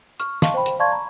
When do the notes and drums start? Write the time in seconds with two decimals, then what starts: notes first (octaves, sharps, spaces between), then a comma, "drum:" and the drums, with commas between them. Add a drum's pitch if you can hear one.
0.20 C#6 F6, drum: hi-hat
0.42 D#5 F5 A5 C6 C#6, drum: snare
0.54 C5 G5 B5
0.66 drum: hi-hat
0.79 D5 F5 A5 C6 C#6 G#6
0.92 A#5 B5 C#6